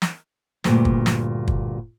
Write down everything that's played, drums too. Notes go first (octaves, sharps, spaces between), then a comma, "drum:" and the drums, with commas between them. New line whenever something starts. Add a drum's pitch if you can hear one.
drum: snare
D2 G2 A#2, drum: snare
drum: kick
drum: snare
drum: kick